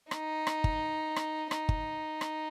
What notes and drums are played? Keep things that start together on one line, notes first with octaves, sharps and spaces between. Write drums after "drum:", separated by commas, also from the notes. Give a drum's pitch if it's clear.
D#4, drum: rim click
drum: rim click
drum: kick G1
drum: rim click
D#4, drum: rim click
drum: kick G1
drum: rim click